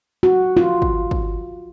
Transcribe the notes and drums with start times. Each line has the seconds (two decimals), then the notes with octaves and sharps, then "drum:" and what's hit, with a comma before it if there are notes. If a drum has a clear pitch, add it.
0.23 F#4
0.57 F4
0.82 drum: kick
1.11 drum: kick